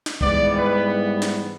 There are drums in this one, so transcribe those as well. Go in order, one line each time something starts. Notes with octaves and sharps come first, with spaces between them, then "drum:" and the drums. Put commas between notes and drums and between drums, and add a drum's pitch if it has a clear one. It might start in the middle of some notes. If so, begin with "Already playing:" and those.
drum: snare
G#2 E3 G3 B3 D5, drum: kick
drum: tom D#3
B4
drum: snare